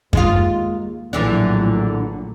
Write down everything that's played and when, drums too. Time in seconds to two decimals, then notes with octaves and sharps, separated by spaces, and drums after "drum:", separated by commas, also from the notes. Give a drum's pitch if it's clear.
0.13 D#2 G#3 F4, drum: kick F#2
1.13 A#1 A2 D3 E3 F#3 D4